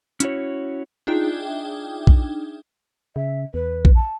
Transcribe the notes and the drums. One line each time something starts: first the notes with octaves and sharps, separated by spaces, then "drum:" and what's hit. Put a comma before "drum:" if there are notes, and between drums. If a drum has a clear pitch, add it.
C#4 E4 F#4 C#5, drum: hi-hat
D4 D#4 F4 G#4 E5 G5
drum: kick A#1
C#3 E5
E2 B4
drum: kick A#1
A5